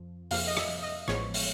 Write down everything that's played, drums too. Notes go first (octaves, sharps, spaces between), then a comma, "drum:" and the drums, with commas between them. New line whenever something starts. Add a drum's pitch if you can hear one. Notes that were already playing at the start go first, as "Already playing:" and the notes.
Already playing: F2 F3
F2 C3 F3 A#3 F5, drum: open hi-hat
D#5
E5, drum: rim click
D#5
A1 A2 F3 G#3 B3 C#5, drum: rim click
drum: open hi-hat